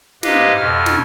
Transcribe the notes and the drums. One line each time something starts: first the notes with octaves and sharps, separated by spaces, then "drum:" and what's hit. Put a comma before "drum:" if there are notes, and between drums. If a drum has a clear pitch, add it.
G#2 G4 B4 D#5 F5, drum: snare
F2 B2 F6
drum: snare